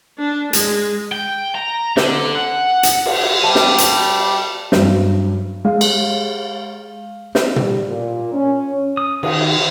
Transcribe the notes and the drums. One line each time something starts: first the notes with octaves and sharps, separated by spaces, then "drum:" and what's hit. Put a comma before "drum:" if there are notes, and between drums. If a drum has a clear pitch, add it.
D4
G#3, drum: hi-hat
G5
A#5
D3, drum: snare
F#5
drum: hi-hat
drum: cymbal
G3 A5 D#7
drum: snare
drum: hi-hat
G2 F#3, drum: snare
G#3 F5
drum: cymbal
drum: snare
G3, drum: tom
A#2
C#4
D#6
D#3, drum: cymbal